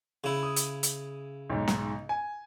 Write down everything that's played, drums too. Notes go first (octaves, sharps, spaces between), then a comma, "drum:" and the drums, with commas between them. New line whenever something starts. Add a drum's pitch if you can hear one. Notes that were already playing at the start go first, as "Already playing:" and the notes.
C#3 E4
D#6
drum: hi-hat
drum: hi-hat
B1 G#2
drum: snare
G#5